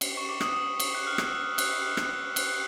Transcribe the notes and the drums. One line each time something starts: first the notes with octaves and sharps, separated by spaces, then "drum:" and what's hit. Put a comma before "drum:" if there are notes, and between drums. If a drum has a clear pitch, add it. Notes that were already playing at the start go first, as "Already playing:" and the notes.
drum: cymbal
C#6
D6
D#6, drum: rim click
drum: cymbal
F#6
F6
E6, drum: rim click
F#6, drum: cymbal
drum: rim click
F#6, drum: cymbal
F#6